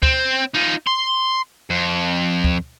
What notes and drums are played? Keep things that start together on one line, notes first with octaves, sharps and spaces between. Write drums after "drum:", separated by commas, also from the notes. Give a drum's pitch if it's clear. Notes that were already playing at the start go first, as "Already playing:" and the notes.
C4, drum: kick D2
D#4 F4
C6
F2
drum: kick D2